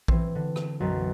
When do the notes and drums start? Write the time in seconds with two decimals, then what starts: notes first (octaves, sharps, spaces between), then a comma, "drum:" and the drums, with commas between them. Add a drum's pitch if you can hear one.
0.08 E3 C4, drum: kick A#1
0.35 D3
0.56 drum: rim click
0.80 B1 F#2